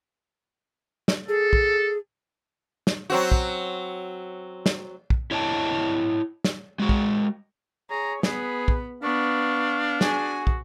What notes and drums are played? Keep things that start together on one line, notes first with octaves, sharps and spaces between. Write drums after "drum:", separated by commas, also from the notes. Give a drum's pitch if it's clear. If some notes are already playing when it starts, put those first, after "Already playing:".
drum: snare
G#4 A4
drum: kick
drum: snare
F#3 C4 F#4
drum: kick
drum: snare
drum: kick
E4 C#5 D#5 G5 A5
drum: snare
G#3 F#4
drum: kick
G#4 C#5 A#5
B3 G#4 B4, drum: snare
drum: kick
B3 D4 F5 C#6
F#4 G#4 G#5, drum: snare
drum: kick